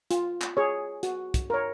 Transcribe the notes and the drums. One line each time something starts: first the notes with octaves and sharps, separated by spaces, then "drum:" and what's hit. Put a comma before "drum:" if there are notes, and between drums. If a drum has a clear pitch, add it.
F4, drum: hi-hat
drum: clap
G#4 C#5
F#4, drum: hi-hat
drum: kick, hi-hat
A#4 C#5